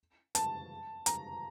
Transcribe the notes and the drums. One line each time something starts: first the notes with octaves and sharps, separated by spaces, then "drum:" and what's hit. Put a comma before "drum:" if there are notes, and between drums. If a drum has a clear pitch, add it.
A5, drum: hi-hat
A#5, drum: hi-hat